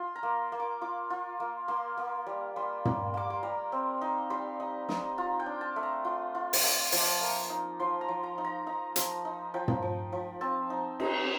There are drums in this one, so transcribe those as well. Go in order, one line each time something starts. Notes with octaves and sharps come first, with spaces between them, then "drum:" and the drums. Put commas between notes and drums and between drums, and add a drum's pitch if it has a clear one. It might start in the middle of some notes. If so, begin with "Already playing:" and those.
Already playing: F4 C6
A#5
A#3
A#3
D6
F4 D6
F4
A#3
A#3 C6
A#3
G3
G3 C6
A#3, drum: tom
A#3 D6
C6
G3 A#5
C4
D#4
G3 C6
D#4
D#4, drum: snare
F4 A#5
G5
D4
A5
A3
A#5
F4 C6
F4
drum: open hi-hat
A3
F3 D6, drum: open hi-hat
A#3
D#4
F3 C6
A#5
F3
A#5
D#4
A#5
D#4 A#5
F3, drum: hi-hat
D#4
F3 G5
drum: tom
F3
F3
C4 A5
D#4
D#4, drum: cymbal